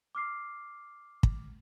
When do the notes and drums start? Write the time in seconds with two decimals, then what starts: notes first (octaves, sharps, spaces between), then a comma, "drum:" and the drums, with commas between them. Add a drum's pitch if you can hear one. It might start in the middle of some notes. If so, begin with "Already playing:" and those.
0.15 D6 F6 C7
1.23 drum: kick